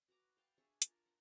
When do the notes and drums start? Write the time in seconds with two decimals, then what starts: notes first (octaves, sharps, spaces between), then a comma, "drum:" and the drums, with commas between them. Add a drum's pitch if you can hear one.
0.08 F#4 B4 A#5 D6
0.37 F5 G5 A5
0.58 D4 G#4 E5 C#6
0.82 F4 A#4 A5, drum: hi-hat
1.06 F#5